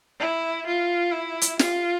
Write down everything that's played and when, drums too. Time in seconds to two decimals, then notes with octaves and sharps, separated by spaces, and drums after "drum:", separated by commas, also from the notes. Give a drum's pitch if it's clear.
0.20 E4
0.66 F4
1.12 E4
1.41 drum: hi-hat
1.59 F4, drum: snare